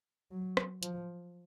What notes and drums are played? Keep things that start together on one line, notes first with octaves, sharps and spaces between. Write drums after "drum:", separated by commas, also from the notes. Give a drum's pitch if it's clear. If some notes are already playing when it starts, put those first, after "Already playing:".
F#3
drum: rim click
F3, drum: hi-hat